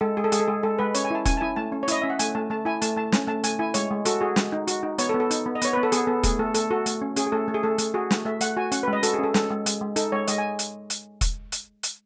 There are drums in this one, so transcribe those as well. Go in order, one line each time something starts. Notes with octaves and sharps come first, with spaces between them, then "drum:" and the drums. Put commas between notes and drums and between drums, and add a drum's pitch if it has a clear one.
G#3 A4
G#3 G#4
A4
G#3 G#4, drum: hi-hat
A4
G#3 G#4
G#3 A4
G#3 B4
C#4 C#5, drum: hi-hat
G#5
E4 A5
C#4 G#5, drum: kick E1, hi-hat
A5
E4 G#5
A3 A5
C#4
C#5
E4 D#5, drum: hi-hat
C#4 E5
F#5
A3 G#5, drum: hi-hat
A3 A5
A3 A5
E4 G#5
A3 A5, drum: hi-hat
A3 A5
C#4, drum: snare
A3 A5
A3 G#5, drum: hi-hat
E4 G#5
G#3 C#5, drum: hi-hat
G#3
F#4 A4, drum: hi-hat
F#4 G#4
G#3, drum: snare
D#4
F#4, drum: hi-hat
D#4
B3 C#5, drum: hi-hat
A4
B3
A4
D#4, drum: hi-hat
B3
D#5
B3 C#5, drum: hi-hat
B3 B4
A4
B3 G#4, drum: hi-hat
B3 A4
A3 G#4, drum: kick E1, hi-hat
A3 A4
A3 A4, drum: hi-hat
F#4 A4
A3, drum: hi-hat
C#4
C#4 G#4, drum: hi-hat
G#4
A3 A4
A3
G#4
A3 A4
A3, drum: hi-hat
F#4 G#4
A3, drum: snare
A3 E5
A3 F#5, drum: hi-hat
F#4 G#5
C#4 F#5, drum: hi-hat
B4
G#3
D#5
F#4 A4, drum: hi-hat
G#4
C#4 A4
G#3 A4, drum: snare
G#3
G#3, drum: hi-hat
G#3
D#4 A4, drum: hi-hat
G#3 C#5
G#3 D#5, drum: hi-hat
G#5
drum: hi-hat
drum: hi-hat
drum: kick E1, hi-hat
drum: hi-hat
drum: hi-hat